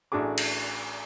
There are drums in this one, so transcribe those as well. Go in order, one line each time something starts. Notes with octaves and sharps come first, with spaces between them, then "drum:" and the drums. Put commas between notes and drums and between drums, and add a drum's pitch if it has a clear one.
A1 D4 F#4 G#4 D6
drum: cymbal